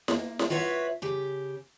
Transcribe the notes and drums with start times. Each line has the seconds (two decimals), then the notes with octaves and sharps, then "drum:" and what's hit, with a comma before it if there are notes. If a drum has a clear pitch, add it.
0.08 A#3, drum: snare E4
0.39 drum: snare E4
0.50 F4 F#4 B4 C#5 E5
1.02 C#3 G4